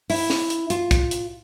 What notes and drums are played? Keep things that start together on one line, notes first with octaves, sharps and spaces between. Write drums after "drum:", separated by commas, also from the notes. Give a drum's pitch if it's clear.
E4, drum: open hi-hat
drum: snare
drum: hi-hat
F4, drum: hi-hat
drum: kick, hi-hat
drum: hi-hat